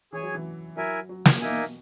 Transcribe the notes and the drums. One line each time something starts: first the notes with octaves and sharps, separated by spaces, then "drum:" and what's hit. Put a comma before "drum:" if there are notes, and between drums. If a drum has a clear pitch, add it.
E3 G#4 C#5 G#5
F#3
E3
F#3 E4 A#4 E5 G#5
F#3
E3, drum: snare
B2 A#3 D#4 A#4 E5 G#5
B2